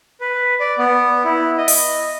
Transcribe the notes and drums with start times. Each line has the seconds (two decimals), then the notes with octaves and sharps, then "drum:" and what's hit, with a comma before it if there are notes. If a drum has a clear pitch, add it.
0.21 B4
0.60 D5
0.78 B3
1.24 E4
1.58 D#5
1.68 drum: open hi-hat